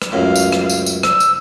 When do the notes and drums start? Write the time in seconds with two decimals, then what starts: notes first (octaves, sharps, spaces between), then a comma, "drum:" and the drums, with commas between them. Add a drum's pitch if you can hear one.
0.02 drum: rim click
0.12 C#2 F#2 A2 F5
0.36 drum: tambourine
0.52 drum: rim click
0.69 drum: tambourine
0.86 drum: tambourine
1.03 E6, drum: rim click
1.20 drum: tambourine